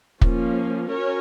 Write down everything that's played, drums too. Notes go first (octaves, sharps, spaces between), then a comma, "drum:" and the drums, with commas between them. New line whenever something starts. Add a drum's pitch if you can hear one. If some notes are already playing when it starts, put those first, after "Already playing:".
F3 A#3 C#4 F4, drum: kick
C#4 F#4 A#4 C#5